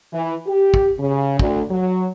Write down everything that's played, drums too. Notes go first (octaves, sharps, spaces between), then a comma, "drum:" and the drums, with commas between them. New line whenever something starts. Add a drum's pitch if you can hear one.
E3
G4
drum: kick
C#3
D2, drum: kick
F#3